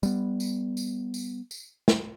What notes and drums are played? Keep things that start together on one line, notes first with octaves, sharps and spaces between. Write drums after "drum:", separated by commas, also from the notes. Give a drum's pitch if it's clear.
G3 B3, drum: tambourine
drum: tambourine
drum: tambourine
drum: tambourine
drum: tambourine
drum: snare